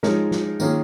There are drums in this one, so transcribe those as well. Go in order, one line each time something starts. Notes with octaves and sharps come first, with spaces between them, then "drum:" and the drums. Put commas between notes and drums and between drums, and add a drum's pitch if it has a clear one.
F3 G#3 D#4 A#4 C#5, drum: snare
drum: snare
D#3 A#3 C#4 F4 G#4, drum: tambourine